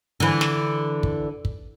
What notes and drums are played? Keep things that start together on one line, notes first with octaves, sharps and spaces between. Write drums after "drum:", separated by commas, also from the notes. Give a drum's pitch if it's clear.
D3 E3
drum: snare
drum: kick
drum: kick